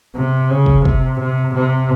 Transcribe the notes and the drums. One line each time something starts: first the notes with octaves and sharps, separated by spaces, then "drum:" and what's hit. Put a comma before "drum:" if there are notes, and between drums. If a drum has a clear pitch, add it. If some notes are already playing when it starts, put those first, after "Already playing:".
C3
C#3
drum: kick
C3, drum: kick
C3
C3